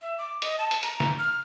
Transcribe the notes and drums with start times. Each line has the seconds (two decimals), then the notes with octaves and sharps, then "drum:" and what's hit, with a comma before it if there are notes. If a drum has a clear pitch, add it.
0.02 E5
0.18 D6
0.42 D#5, drum: hi-hat
0.58 A5
0.71 drum: hi-hat
0.83 A#5, drum: hi-hat
1.00 drum: snare
1.19 F6